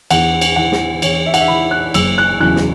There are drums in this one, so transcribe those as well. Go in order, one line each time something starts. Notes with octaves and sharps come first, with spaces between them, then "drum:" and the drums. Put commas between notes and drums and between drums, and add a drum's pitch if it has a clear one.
E2 F#5, drum: cymbal
drum: cymbal
E3 F#5
drum: snare
E2 C#5, drum: cymbal
E5
F#5, drum: cymbal
E5
E3 B5
F#6
F#1 E6, drum: cymbal
F#6
E2 C#3 F#3 F#6
drum: snare